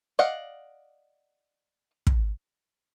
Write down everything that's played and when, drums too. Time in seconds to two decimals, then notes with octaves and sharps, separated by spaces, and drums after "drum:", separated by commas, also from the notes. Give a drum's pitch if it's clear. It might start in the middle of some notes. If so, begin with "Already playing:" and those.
0.19 D5 D#5 F5 F#5
2.07 drum: kick